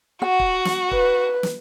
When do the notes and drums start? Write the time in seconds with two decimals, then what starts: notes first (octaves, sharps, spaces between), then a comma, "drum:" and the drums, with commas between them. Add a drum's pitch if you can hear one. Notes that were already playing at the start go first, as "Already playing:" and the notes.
0.22 F#4 F#5
0.39 drum: kick
0.65 drum: snare
0.91 B4, drum: kick
1.43 drum: snare